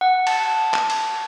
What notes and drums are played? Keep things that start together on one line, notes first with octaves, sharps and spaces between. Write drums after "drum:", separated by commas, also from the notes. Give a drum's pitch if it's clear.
F#5
A5, drum: cymbal
drum: clap
drum: cymbal